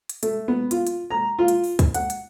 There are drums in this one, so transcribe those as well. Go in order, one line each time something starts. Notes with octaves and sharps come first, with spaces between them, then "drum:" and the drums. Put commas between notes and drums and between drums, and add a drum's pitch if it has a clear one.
drum: hi-hat
A3, drum: hi-hat
B3
F4, drum: hi-hat
drum: hi-hat
A#5
F4
drum: hi-hat
drum: open hi-hat
drum: kick, hi-hat
F#5, drum: hi-hat
drum: hi-hat